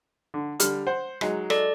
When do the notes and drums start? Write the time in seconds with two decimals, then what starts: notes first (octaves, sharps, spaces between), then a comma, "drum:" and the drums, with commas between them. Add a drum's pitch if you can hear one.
0.34 D3
0.60 D3 G3 F6, drum: hi-hat
0.87 C5 F#5
1.21 F#3 G#3 D#4, drum: rim click
1.50 A4 D5, drum: rim click